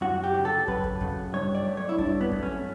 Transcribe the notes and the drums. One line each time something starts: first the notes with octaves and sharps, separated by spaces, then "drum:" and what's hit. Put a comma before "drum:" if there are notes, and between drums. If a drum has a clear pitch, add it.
F#2 F#4
G4
C#3 F#3
A4
F#2 B4, drum: kick
drum: kick
C#3 F#3, drum: kick
G2 C#5
D5
F#3 A3
C#5
E4
G2 D4, drum: kick
B3
F#3 A3, drum: kick
C#4